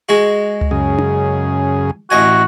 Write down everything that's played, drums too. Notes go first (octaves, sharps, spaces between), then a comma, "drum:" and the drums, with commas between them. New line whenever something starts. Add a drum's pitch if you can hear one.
G#3 F#4
drum: tom C#2
F#2 C#3 G#4
drum: tom C#4
A1 F#4 D#5 G#5